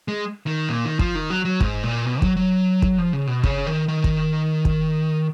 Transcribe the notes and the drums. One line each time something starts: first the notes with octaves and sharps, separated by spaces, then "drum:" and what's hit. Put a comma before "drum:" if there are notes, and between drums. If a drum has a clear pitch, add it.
G#3
D#3
A#2
D#3
F3, drum: kick
D#3
F#3
F#3
G#2, drum: kick
A#2
B2
F#3, drum: kick
F#3
drum: kick
F3
C#3
B2
C#3, drum: kick
D#3
D#3
drum: kick
drum: kick